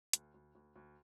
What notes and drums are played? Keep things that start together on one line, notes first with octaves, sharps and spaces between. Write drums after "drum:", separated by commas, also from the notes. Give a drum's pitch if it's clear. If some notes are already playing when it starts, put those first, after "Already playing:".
D2, drum: hi-hat
D2
D2
D2